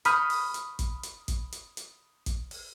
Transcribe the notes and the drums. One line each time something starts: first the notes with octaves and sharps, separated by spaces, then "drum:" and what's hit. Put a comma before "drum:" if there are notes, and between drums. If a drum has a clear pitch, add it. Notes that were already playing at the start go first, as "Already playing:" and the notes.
B5 C#6 D#6 F6 G6, drum: hi-hat
drum: open hi-hat
drum: hi-hat
drum: kick, hi-hat
drum: hi-hat
drum: kick, hi-hat
drum: hi-hat
drum: hi-hat
drum: kick, hi-hat
drum: open hi-hat